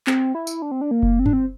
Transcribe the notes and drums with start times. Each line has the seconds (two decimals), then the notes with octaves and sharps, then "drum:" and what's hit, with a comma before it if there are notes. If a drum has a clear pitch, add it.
0.07 C4, drum: clap
0.35 E4
0.47 drum: tambourine
0.62 D4
0.71 C4
0.81 D4
0.91 A#3
1.03 drum: kick F#1
1.19 C4
1.26 D4, drum: tom G2
1.33 C4